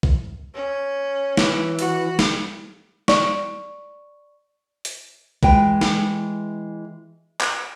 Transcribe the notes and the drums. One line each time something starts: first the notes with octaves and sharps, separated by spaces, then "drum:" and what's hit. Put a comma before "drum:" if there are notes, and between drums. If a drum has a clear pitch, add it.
drum: kick B1
C#4
E3, drum: snare
F#4, drum: hi-hat
drum: snare
D5 C#6, drum: snare
drum: hi-hat
E3 G#3 G5, drum: kick B1
drum: snare
drum: clap